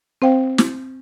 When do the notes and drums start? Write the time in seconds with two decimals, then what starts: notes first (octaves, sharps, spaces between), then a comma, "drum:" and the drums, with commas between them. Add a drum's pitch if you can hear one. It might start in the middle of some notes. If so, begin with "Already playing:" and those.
0.22 C4 C5 F5 G5
0.58 drum: snare